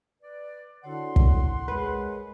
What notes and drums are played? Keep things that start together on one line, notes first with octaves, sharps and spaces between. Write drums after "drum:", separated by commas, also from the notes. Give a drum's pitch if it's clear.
B4 D5
D3 E4 F#4 C#5 F#5 C6
drum: kick
G#3 A#4 B4 C#5